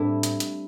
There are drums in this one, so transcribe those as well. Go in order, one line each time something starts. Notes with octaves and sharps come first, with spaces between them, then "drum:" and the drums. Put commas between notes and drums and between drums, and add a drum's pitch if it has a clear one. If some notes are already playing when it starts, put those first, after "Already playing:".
Already playing: A2 G3 C4 D4 E4
drum: hi-hat
drum: hi-hat